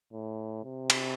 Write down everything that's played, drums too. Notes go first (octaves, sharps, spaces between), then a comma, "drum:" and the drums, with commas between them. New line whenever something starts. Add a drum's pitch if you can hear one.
A2
C3
drum: cymbal